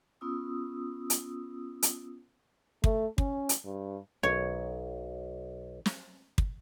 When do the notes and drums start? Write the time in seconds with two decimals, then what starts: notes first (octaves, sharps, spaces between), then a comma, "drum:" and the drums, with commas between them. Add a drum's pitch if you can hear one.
0.21 B3 C#4 F4 D#6 E6
1.10 drum: hi-hat
1.82 drum: hi-hat
2.84 A3, drum: kick
3.18 C#4, drum: kick
3.49 drum: hi-hat
3.65 G2
4.23 B1 C#5
5.86 drum: snare
6.38 drum: kick